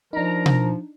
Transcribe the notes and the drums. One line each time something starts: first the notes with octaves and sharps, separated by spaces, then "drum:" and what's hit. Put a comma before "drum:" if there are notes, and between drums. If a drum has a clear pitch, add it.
F3 D4 D#4 A#4 A#5
drum: tom B2